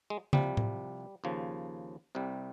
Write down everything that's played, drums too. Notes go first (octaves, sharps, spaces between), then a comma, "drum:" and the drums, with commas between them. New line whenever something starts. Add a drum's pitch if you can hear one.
G#3
C2 C3 F3 G3, drum: tom
drum: tom A2
D#2 C#3 F3
C2 C3 G3